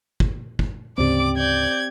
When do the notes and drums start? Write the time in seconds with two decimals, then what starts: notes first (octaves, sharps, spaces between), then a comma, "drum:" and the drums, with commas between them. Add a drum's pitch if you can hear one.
0.20 drum: kick
0.59 drum: kick
0.98 D2 G#2 C#3 C4 G4 D5 D6
1.37 D5 G6 G#6